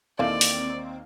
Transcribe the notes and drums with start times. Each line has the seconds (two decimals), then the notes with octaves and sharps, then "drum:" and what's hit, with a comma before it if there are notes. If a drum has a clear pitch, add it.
0.19 D#2 E3 A#3 C4 D#4 A4 D5 F5
0.41 drum: open hi-hat